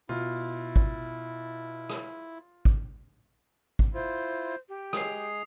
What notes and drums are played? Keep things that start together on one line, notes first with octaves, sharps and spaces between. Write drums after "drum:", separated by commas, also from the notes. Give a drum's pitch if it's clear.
B2 E4 F4
drum: kick G#1
drum: rim click
drum: kick G#1
drum: kick G#1
E4 F4 C5
G4
G#3 G#4 D#6 C7, drum: rim click